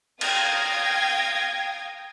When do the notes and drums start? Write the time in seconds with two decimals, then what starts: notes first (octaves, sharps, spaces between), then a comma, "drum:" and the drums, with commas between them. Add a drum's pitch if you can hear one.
0.21 F5 G5 D#6 G#6 A#6, drum: cymbal